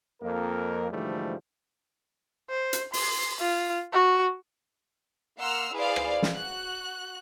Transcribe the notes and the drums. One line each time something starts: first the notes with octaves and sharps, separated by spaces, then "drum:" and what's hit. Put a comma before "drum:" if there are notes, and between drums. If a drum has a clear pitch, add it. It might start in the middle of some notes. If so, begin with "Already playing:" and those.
F2 A#3 A#4
G#2 D3 E3 F3 G3 A3
C5
drum: hi-hat
C6, drum: open hi-hat
F4
F#4
A#3 F#5 C6 E6 F6
E4 G#4 B4 C5 D5 F5
drum: rim click
drum: snare
F#4 F#6